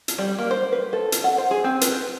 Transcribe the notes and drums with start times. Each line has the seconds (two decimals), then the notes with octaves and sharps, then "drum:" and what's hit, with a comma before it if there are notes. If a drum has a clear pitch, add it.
0.08 drum: hi-hat
0.18 G3
0.38 A#3
0.51 C5
0.72 B4
0.93 A4
1.12 drum: hi-hat
1.24 F#5
1.38 C5
1.51 G#4
1.64 C4
1.81 B4, drum: hi-hat